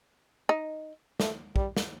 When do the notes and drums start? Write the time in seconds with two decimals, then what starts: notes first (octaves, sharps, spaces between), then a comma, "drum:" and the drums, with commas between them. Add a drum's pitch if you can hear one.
0.49 D#4
1.20 A3, drum: snare
1.56 G3, drum: kick
1.77 drum: snare